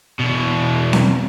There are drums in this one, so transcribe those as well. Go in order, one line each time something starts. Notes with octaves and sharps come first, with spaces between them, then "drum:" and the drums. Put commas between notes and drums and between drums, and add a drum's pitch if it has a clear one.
E2 B2
drum: snare C4